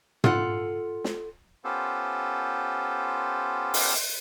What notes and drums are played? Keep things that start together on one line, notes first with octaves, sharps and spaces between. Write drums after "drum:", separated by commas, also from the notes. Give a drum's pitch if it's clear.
F4 A4 F#5, drum: tom
drum: snare
B3 C#4 F4 G4 A4 C5
drum: open hi-hat